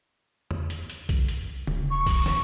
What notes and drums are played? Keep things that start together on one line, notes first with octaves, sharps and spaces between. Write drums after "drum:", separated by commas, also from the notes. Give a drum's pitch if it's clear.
drum: tom E2
drum: hi-hat
drum: hi-hat
drum: kick B1, hi-hat
drum: hi-hat
D#1, drum: tom C#3
C#6
drum: kick B1, open hi-hat
drum: snare